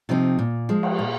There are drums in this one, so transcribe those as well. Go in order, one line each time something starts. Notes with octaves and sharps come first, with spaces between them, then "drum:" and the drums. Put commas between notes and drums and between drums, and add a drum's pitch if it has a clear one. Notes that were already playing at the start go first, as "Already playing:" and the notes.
C3 F3 C4 D#4
A#2
F3 G#3
drum: cymbal
A#2